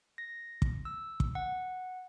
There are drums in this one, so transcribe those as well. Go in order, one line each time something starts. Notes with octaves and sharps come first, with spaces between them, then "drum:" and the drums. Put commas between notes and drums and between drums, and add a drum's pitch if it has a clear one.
A#6
drum: kick
E6
drum: kick
F#5